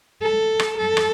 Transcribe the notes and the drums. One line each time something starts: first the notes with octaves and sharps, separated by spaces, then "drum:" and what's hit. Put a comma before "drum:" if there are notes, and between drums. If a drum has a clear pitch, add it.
A4
drum: rim click
A4
drum: rim click